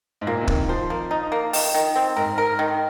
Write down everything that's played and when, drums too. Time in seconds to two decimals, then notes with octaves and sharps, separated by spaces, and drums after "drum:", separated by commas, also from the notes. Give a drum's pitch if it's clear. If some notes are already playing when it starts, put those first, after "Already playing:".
0.21 G#2
0.27 A#2 A#3
0.41 C3
0.48 D#3 A#3, drum: kick
0.69 F3 C5
0.90 A#3
1.11 D#4
1.32 A#3
1.53 D#3, drum: open hi-hat
1.75 D#3
1.96 C4
2.16 G#2 A#4
2.38 A#4
2.59 D#3